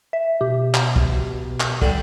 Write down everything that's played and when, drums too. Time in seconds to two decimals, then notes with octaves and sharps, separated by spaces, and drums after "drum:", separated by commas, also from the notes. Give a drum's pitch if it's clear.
0.13 E5
0.41 B2 G4
0.74 drum: clap
0.96 drum: kick
1.60 drum: clap
1.82 D3 G3, drum: kick